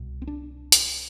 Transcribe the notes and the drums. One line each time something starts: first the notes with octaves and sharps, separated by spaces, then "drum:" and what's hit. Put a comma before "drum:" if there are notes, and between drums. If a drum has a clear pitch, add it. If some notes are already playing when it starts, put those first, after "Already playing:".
Already playing: C2 B2
C4
D4
drum: hi-hat